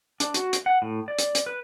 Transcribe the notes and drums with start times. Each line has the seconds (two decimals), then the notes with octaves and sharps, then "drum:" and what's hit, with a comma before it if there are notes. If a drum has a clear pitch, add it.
0.20 D4, drum: hi-hat
0.34 F#4, drum: hi-hat
0.53 drum: hi-hat
0.66 F#5
0.82 A2
1.08 D5
1.19 drum: hi-hat
1.35 drum: hi-hat
1.46 B4